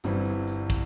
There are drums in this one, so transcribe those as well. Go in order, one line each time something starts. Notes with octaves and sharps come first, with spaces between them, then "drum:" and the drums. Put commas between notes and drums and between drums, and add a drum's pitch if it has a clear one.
G1 G2 E3 G3 C4, drum: tambourine
drum: tambourine
drum: tambourine
drum: kick, tambourine